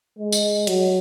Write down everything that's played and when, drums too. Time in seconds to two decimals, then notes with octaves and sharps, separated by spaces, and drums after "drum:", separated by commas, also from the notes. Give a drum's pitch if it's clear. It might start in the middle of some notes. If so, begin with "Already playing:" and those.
0.19 G#3
0.32 drum: tambourine
0.67 F#3, drum: hi-hat